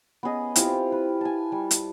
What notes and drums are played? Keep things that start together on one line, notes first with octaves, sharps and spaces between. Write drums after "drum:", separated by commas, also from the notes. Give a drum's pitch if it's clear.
B3 C#4 G#4 D#5
C4 E4 F4 G4, drum: hi-hat
B4
G#5 A5
G3
drum: hi-hat